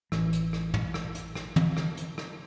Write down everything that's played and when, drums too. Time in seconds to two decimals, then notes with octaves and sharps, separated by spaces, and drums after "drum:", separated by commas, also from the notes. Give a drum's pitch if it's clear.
0.12 A1 E3, drum: rim click
0.33 drum: hi-hat
0.53 drum: rim click
0.74 drum: tom
0.94 drum: rim click
1.15 drum: hi-hat
1.35 drum: rim click
1.56 drum: tom
1.77 drum: rim click
1.97 drum: hi-hat
2.18 drum: rim click